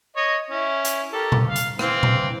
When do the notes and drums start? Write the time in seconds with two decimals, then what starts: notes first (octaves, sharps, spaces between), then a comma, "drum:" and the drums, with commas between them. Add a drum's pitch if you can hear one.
0.16 C#5 D#5
0.50 C#4 E4
0.85 drum: hi-hat
1.13 G4 A4 A#4
1.32 drum: tom A#2
1.46 F5
1.56 drum: hi-hat
1.79 E3 C4 F5, drum: rim click
2.03 drum: tom A#2